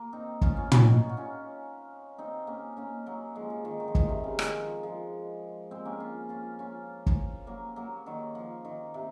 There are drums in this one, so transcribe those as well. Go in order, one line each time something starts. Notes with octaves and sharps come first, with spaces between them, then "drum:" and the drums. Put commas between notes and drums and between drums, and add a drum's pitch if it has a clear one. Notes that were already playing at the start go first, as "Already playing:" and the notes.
Already playing: A#3
C4 D#4
C#4 F4, drum: kick
C#4 F4
C#4 F4, drum: tom
D#4 F#4
F4
F#4
C#4 F4
C4 D#4
A#3 C#4
A#3 C#4
F#3 A#3
F3 G#3
F3
D#3
D#3
F3
D#3, drum: kick
C3
C#3
D#3, drum: rim click
F3
F3 G#3
G#3 C4
A#3 C#4
C#4 F4
C#4 F4
C#4 F4
drum: kick
F#3 A#3
F#3 A#3
D#3 F#3
F3
D#3
C3